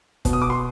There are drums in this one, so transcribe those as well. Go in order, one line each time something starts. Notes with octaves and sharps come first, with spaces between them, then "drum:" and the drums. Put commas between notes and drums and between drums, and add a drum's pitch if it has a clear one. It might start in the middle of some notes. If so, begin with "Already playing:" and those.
B2, drum: kick, hi-hat
D#6
D6
C6